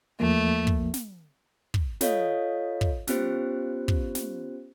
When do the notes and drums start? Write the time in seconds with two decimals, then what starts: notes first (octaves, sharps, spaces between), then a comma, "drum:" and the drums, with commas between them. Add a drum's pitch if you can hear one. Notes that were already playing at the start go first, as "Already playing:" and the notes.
0.20 E2 F3 A3 A#3
0.67 drum: kick
0.94 drum: snare
1.74 drum: kick
2.01 F4 A4 C#5 D#5 F5, drum: snare
2.81 drum: kick
3.07 B3 C#4 F4 G4 C5, drum: snare
3.88 drum: kick
4.15 drum: snare